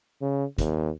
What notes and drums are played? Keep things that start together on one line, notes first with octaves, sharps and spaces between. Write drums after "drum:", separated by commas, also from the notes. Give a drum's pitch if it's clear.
C#3
D#2, drum: kick, hi-hat